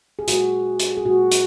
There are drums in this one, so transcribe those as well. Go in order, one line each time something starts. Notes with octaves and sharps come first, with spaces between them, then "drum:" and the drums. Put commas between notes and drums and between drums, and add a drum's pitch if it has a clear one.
G#4
A#2 G#3 F#4, drum: hi-hat
drum: hi-hat
G#4
A#2 G#3 F#4
drum: hi-hat